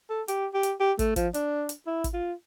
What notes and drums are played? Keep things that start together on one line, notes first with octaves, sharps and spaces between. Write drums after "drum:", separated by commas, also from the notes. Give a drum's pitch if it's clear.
A4
G4, drum: hi-hat
G4
drum: hi-hat
G4
A3, drum: kick, hi-hat
F3, drum: kick, hi-hat
D4, drum: hi-hat
drum: hi-hat
E4
drum: kick, hi-hat
F4